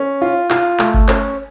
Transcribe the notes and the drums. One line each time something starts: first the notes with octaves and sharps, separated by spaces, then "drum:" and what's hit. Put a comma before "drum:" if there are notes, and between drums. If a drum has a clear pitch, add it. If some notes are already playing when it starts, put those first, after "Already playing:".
Already playing: C#4
F4
F4, drum: clap
A3, drum: clap
drum: kick G1
C#4, drum: clap